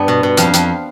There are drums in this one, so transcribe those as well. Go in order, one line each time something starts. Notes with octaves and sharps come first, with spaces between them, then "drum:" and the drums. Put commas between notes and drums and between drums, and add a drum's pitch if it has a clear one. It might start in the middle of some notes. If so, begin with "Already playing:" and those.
Already playing: G2 G3 B3
B2
B2
F2 F5, drum: hi-hat
F2, drum: hi-hat